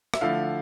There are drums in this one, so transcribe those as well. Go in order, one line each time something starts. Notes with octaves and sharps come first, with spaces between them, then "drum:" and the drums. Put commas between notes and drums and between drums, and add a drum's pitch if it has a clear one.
E5, drum: rim click
D3 F3 A3 E4 F5